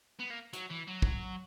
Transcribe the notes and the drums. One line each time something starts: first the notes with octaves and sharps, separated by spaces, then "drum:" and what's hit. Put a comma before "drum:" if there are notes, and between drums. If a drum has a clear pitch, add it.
B3
A#3
F#3, drum: hi-hat
E3
F#3
drum: kick